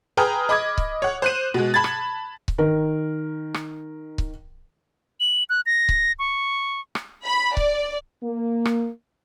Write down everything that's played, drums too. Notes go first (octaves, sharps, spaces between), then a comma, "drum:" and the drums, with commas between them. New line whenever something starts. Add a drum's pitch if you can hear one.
G#4 B4 G5 A#5 D#6 F6
D#5 B5 D6 D#6 G#6
drum: kick C#1
C#5 F#5
C5 F#6 D#7
B2 G#3
A5 B5 G#6 A6
drum: rim click
drum: kick C#1
D#3 A#4
drum: rim click
drum: kick C#1
F#7
F#6
A#6
drum: kick C#1
C#6
drum: rim click
B5
D5, drum: kick C#1
A#3
drum: rim click